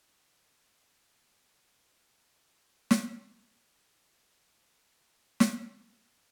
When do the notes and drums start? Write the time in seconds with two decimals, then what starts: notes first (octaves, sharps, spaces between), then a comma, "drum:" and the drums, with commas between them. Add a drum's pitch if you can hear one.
0.45 C2 G#2 F3 C#4 C#5 G#5
2.91 drum: snare
3.72 A#4 F#5
4.22 C#3 F3 A3 B3
4.85 C#4 F4
5.01 B4 C#5 F#5
5.40 drum: snare